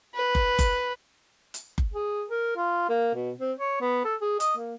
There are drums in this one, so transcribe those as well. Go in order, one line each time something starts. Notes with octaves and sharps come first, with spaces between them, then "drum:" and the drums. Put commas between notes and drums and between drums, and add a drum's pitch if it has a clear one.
B4
drum: kick F#1
drum: kick F#1, hi-hat
drum: hi-hat
drum: kick F#1
G#4
A#4
F4
A#3
B2
C4
C#5
B3
A4
G#4
D#5, drum: hi-hat
A#3